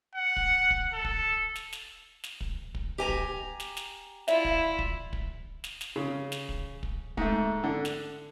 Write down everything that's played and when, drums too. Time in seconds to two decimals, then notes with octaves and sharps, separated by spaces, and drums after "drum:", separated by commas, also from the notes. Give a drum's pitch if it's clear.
0.15 F#5
0.36 drum: kick
0.70 drum: kick
0.93 A4
1.05 drum: kick
1.56 drum: snare
1.73 drum: snare
2.24 drum: snare
2.41 drum: kick
2.75 drum: kick
2.98 G4 G#5 A#5
3.09 drum: kick
3.60 drum: snare
3.77 drum: snare
4.28 E4 F4 D5 E5, drum: snare
4.45 drum: kick
4.79 drum: kick
5.13 drum: kick
5.64 drum: snare
5.81 drum: snare
5.96 C#3
6.32 drum: snare
6.49 drum: kick
6.83 drum: kick
7.17 G#2 A3, drum: kick
7.64 D3
7.85 drum: snare